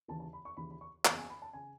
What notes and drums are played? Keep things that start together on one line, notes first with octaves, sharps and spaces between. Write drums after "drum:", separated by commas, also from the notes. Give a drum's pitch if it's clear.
D#2 C#3 E3 A5
A5
B5
C#6
D#2 C#3 E3 B5
B5
C#6
F#1 E2 C#3 A5, drum: clap
G#5
B5
A5
C#3 G#5